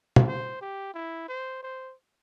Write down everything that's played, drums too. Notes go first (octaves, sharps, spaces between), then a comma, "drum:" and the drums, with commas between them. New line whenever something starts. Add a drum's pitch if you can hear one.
drum: tom
C5
G4
E4
C5
C5